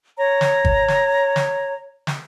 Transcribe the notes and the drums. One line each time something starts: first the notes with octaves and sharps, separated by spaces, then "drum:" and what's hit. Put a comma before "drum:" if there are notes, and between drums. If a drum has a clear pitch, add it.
C#5 A#5
drum: snare
drum: kick
drum: snare
drum: snare
drum: snare